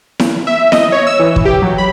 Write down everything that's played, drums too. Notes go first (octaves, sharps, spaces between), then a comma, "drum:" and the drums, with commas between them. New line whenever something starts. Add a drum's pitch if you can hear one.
drum: snare E4
E5
D#5, drum: snare E4
C#5
E6
E3
drum: kick
G4
F#3
B5